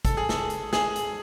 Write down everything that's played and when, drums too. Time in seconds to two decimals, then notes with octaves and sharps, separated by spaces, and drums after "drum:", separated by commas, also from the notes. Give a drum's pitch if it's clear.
0.05 A4, drum: kick, hi-hat
0.17 G#4
0.29 A4, drum: snare
0.50 drum: hi-hat
0.73 G#4, drum: snare
0.96 drum: hi-hat